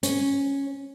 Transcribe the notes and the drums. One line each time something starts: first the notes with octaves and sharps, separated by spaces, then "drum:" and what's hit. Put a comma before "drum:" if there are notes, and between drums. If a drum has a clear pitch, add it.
C#4, drum: hi-hat